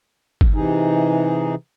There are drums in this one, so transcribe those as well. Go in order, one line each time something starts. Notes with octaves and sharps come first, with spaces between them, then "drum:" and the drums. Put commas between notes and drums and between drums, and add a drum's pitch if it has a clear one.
drum: kick G1
C3 E3 D#4 G#4